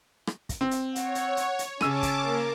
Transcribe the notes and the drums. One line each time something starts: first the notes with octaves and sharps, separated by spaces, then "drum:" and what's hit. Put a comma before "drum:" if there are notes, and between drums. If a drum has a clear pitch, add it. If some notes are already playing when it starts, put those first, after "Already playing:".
drum: rim click
drum: kick, hi-hat
C4
drum: hi-hat
C#5 F#5, drum: hi-hat
drum: hi-hat
drum: hi-hat
drum: hi-hat
C#3 C#4 A5 D6 E6 D#7, drum: rim click
drum: kick, hi-hat
A#3 A#4